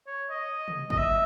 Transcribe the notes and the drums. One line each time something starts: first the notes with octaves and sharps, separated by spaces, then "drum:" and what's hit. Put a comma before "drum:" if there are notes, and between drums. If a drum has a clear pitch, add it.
C#5
D#5
drum: tom C3
D#5, drum: kick
E5